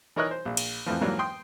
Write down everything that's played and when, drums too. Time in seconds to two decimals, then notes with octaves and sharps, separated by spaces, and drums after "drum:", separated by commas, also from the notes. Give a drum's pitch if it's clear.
0.16 E3 D#4 A#4 C#5 D#5 F#6
0.31 C5
0.45 A#1
0.57 drum: cymbal
0.86 F2 A2 E3 F3
1.01 G#2 E3 F#3 G3 A#3
1.19 G5 C6 D#6